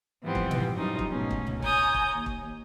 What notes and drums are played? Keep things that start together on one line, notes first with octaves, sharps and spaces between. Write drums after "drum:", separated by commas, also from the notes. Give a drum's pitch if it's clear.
G#2 E3 F3 G3 B3 C4
drum: kick
drum: tom A#2
F#2 E3 G3 D#4 F4
drum: kick
G#2 B2 A3 C#4 D#4
drum: kick
drum: tom C#2
C#5 G#5 A#5 D#6 G6, drum: kick
drum: kick
D#2
drum: kick